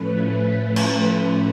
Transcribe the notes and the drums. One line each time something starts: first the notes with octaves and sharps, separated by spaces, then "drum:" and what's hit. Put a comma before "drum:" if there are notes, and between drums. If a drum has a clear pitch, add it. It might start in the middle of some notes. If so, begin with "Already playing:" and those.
Already playing: A2 F3 A3 C#4 B4
drum: cymbal